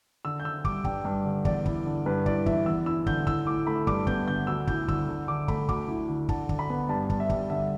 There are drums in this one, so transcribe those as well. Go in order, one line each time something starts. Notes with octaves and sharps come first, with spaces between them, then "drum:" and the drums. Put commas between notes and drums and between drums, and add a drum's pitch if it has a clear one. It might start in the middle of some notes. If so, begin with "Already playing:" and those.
D3 E6
G6
D3 E6
G3 D6, drum: kick
G2 G5, drum: kick
G2
D3
E2 D5, drum: kick
E4, drum: kick
D3
G2 B4
E4 D5, drum: kick
E3 E5, drum: kick
E2 E6
E4 E6
D3 G6, drum: kick
A2 E6, drum: kick
A2 D6
A3 B5
G2 D6, drum: kick
B3 G6, drum: kick
D3 G6
D2 E6
E4 G6, drum: kick
D3 E6, drum: kick
D3
D3 D6
A3 B5, drum: kick
D2 D6, drum: kick
E4
D3
D3 A5, drum: kick
D3, drum: kick
B5
B3
G2 A5
G2, drum: kick
E5
G3, drum: kick
D3 E5